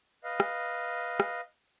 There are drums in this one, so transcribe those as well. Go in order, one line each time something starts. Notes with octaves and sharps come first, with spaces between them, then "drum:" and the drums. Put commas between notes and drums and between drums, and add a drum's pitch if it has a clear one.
B4 D#5 F5
drum: rim click
drum: rim click